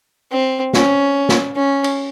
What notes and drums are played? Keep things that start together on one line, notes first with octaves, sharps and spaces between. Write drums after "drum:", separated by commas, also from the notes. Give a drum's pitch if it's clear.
C4
C#4, drum: snare
drum: snare
C#4
drum: cymbal